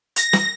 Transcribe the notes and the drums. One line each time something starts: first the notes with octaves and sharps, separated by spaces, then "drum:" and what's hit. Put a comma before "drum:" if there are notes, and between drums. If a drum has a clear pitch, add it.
A#6, drum: hi-hat
drum: snare